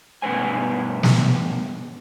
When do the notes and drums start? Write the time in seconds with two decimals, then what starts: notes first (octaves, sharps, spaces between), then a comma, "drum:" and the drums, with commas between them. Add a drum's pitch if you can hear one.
0.22 G2 B2 C#4 B4 C5 G#5
1.03 drum: snare